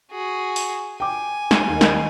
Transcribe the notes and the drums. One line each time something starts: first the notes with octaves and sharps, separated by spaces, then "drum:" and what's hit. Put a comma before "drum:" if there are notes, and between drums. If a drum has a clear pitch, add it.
F#4 G#4
drum: open hi-hat
G5 G#5 D6
drum: snare
D#2 D#3
drum: snare